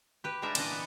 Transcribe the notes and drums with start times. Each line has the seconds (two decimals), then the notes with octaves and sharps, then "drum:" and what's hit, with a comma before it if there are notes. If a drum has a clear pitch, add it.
0.24 G4 B4
0.42 G3 G#3 D4 D#4 A#4 E5
0.55 A#2 E3 D4 D#5, drum: cymbal
0.71 B3 F#5